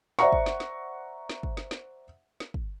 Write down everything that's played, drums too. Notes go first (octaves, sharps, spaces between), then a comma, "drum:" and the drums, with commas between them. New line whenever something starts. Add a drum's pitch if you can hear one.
C5 D5 E5 F#5 A#5 C#6, drum: snare
drum: kick
drum: snare
drum: snare
drum: snare
drum: kick
drum: snare
drum: snare
drum: snare
drum: kick